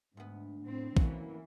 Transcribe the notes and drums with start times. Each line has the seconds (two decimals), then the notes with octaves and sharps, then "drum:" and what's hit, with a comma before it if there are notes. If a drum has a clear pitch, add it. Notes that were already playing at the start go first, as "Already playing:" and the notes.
0.17 D2 G#2 B3
0.64 A2 C4
0.97 E3 A#3 C#4 F#4, drum: kick